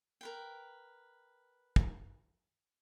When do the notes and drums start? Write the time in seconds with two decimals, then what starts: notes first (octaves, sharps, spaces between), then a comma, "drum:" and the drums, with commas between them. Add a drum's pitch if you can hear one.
0.21 A#4 B4 G5
1.76 drum: kick